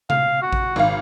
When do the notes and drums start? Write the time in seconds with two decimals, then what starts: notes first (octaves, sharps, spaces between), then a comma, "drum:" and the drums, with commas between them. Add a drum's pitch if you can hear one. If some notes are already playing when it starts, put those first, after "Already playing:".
0.10 F5, drum: tom C3
0.42 F#4
0.53 drum: kick A1
0.76 G#1 F5